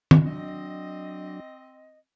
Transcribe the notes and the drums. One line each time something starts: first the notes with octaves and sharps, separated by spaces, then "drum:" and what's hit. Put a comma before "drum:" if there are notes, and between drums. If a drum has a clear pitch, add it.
drum: tom D#3
F#3 C4 D4 D#5